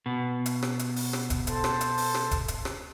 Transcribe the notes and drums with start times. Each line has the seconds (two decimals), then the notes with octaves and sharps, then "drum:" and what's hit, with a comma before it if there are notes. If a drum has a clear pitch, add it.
0.06 B2
0.46 drum: hi-hat
0.63 drum: rim click
0.79 drum: hi-hat
0.96 drum: open hi-hat
1.13 drum: rim click
1.30 drum: kick, hi-hat
1.47 A4 C5 A5, drum: hi-hat
1.64 drum: rim click
1.81 drum: hi-hat
1.98 drum: open hi-hat
2.14 drum: rim click
2.31 drum: kick, hi-hat
2.48 drum: hi-hat
2.65 drum: rim click